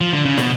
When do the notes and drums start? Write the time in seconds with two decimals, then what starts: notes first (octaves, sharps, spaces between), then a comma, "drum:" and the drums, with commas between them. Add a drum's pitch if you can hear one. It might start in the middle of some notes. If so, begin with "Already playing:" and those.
0.01 F3
0.13 D3
0.25 C#3
0.38 B2, drum: snare